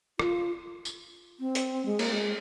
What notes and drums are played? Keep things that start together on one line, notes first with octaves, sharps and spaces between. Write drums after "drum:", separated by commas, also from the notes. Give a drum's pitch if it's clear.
F4, drum: rim click
drum: tambourine
C4
drum: hi-hat
G#3
A#3, drum: cymbal
G#3